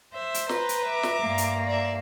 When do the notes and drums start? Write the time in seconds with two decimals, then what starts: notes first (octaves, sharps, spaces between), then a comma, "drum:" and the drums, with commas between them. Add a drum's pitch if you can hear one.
0.14 C5 E5
0.34 drum: hi-hat
0.49 B4 A#5, drum: snare
0.69 drum: hi-hat
0.85 E5 D6
1.03 drum: snare
1.21 G2 A#3
1.38 drum: hi-hat
1.67 D5 E5